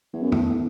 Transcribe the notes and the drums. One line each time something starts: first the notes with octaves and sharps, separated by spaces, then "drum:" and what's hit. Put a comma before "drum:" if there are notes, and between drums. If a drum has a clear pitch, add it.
E2 B3
F#2
A2, drum: tom
A2